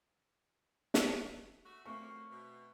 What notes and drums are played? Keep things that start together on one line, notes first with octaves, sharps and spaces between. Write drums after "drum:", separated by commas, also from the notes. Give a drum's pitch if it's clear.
drum: snare
A3 F#4
F3 F#3 A3 A#3 C4 C#6 F6
B2